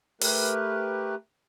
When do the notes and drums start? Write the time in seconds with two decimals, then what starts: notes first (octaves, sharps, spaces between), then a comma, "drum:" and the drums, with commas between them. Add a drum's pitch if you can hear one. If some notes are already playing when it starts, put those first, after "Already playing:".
0.21 A3 G4 A#4 B4, drum: open hi-hat